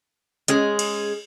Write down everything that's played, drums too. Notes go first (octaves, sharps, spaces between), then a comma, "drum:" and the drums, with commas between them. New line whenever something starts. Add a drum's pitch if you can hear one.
G#3 C#4 G#4, drum: hi-hat
drum: cymbal